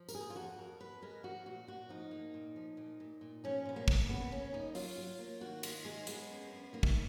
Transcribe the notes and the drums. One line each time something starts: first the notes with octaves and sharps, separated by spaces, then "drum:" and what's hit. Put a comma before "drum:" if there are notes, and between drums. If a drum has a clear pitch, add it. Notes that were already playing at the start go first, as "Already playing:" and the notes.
Already playing: F3
A#4, drum: tambourine
F2 G#4
F4
F2 F#4
F2 A#4
F2 B4
G#3 A#4
F3 F#4
A#2 F#4
A#2 F#4
F3 D#4
A#3
A#2
F3
A#2
A#2
A#2
F3 C#4
A#2 B3
A#3
A#3, drum: kick
C#3 B3
A#3 C#4
F#2 D#4
F#3 F4, drum: open hi-hat
F#3
A#3
D#3 F#4
D#3 F4, drum: cymbal
G#3 D#4
G#3 B3, drum: hi-hat
F#2
F#2
D#3 A#3
drum: kick